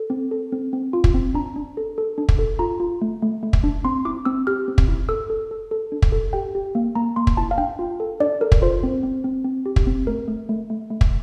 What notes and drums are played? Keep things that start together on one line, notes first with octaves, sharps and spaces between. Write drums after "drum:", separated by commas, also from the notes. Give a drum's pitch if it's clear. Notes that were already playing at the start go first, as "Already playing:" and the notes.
Already playing: A4
C4
A4
C4
C4
F4
drum: kick
C4
D4 A#5
D4
A4
A4
D4
drum: kick
A4
F4 A#5
F4
A3
A3
A3
drum: kick
D4
C4 C6
E4 D6
C4 E6
G4 F6
C4
drum: kick
E4
A4 E6
A4
A4
A4
D4
drum: kick
A4
G4 G5
G4
A#3
A#3 A#5
A#3 C6
drum: kick
E4 A5
F5
D4 G5
F4
A4
D4 D5
A4 A#4
drum: kick
F4 C5
C4
C4
C4
C4
G4
drum: kick
C4
A3 A#4
A3
A3
A3
A3
drum: kick